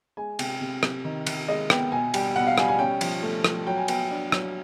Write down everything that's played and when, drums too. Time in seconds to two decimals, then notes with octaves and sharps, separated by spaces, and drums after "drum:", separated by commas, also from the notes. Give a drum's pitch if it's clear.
0.17 G#3 G#5
0.39 C3 G5, drum: cymbal
0.61 C3
0.83 C3, drum: rim click
1.04 D#3
1.26 D#3, drum: cymbal
1.48 G#3 D#5
1.70 B3 G5, drum: rim click
1.92 B2 G#5
2.14 G3 G5, drum: cymbal
2.35 B2 F#5
2.47 F5
2.58 G3 G#5, drum: rim click
2.68 G#5
2.79 C#4 G5
3.01 F3, drum: cymbal
3.23 A3
3.44 F3, drum: rim click
3.67 F#3 G5
3.78 G#5
3.88 B3 G5, drum: cymbal
4.11 D4
4.32 F#3, drum: rim click